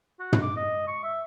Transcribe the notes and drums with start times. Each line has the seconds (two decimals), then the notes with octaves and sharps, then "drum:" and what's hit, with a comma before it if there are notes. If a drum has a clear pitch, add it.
0.19 F#4
0.33 drum: tom
0.42 D6
0.56 D#5
0.88 C#6
1.03 E5